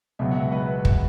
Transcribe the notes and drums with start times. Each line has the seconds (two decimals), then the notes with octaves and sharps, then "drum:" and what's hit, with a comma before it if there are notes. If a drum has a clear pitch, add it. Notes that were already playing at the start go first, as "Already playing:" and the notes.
0.19 C#2 B2 F#3 E5
0.31 F#5
0.35 E5
0.52 B4
0.85 drum: kick